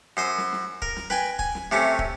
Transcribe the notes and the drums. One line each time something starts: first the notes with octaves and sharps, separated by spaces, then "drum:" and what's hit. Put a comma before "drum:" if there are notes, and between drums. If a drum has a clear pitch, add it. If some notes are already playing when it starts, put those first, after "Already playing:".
F#2 C5 D#6
drum: snare
drum: snare
A#4, drum: kick
drum: snare
B4 G5 G#5, drum: snare
G#5, drum: kick
drum: snare
C3 A3 C#4, drum: snare
drum: kick